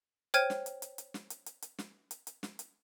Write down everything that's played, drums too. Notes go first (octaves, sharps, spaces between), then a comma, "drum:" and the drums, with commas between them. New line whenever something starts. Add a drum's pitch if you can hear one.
C5 C#5 G5 F6 G#6 D#7, drum: hi-hat
drum: snare
drum: hi-hat
drum: hi-hat
drum: hi-hat
drum: snare
drum: hi-hat
drum: hi-hat
drum: hi-hat
drum: snare
drum: hi-hat
drum: hi-hat
drum: snare
drum: hi-hat